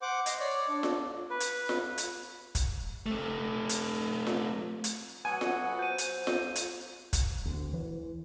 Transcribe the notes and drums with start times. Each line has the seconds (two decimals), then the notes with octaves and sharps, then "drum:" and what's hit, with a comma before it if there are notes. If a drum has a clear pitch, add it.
0.02 C5 F#5 D6
0.26 D#5 C6, drum: hi-hat
0.40 C#5 D5
0.69 D4
0.83 drum: snare F4
1.30 B4
1.40 drum: hi-hat
1.69 drum: snare F4
1.98 drum: hi-hat
2.55 drum: kick, hi-hat
3.06 A3 C4
3.69 drum: hi-hat
4.27 drum: snare F4
4.84 drum: hi-hat
5.25 F#3 B3 F#4 G#5
5.41 drum: snare F4
5.79 C5 G6 D#7
5.98 drum: hi-hat
6.27 drum: snare F4
6.56 drum: hi-hat
7.13 drum: kick, hi-hat
7.46 D2
7.73 E3